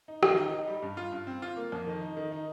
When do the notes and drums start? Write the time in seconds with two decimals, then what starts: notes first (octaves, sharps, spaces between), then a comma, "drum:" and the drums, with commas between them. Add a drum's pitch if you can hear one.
0.08 D#4
0.23 D#3, drum: rim click
0.37 D#4
0.53 D#4
0.67 G3
0.82 G2
0.97 F4
1.12 G2
1.27 C4
1.42 F4
1.56 A#3
1.72 F2
1.87 D#3
2.02 D#4
2.17 D#3
2.32 D#4